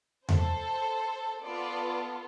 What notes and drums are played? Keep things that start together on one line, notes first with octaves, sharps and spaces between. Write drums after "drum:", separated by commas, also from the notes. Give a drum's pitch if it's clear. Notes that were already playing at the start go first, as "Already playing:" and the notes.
A4 C5, drum: tom E2
B3 F4 A4 B4 D5